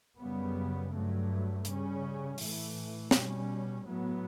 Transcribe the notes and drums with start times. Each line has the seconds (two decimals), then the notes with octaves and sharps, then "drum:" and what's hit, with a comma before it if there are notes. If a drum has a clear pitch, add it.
0.18 F#2 C#3 G3 B3
0.91 G2 F#3 A3
1.65 C#3 G3 C#4, drum: hi-hat
2.38 A2 E3 A3, drum: open hi-hat
3.11 B2 G3 C#4, drum: snare
3.85 A2 F#3 B3